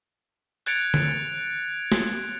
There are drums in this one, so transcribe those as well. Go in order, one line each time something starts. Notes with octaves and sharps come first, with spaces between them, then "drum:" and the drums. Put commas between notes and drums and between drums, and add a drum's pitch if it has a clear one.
F#6 G#6 A6 C#7 D7 F7, drum: open hi-hat
drum: tom
drum: snare